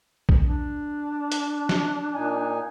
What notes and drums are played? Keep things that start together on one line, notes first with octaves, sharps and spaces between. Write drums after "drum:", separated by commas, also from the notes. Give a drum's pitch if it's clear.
drum: kick A#1
D4
drum: hi-hat
drum: snare
A#2 D#4 G#5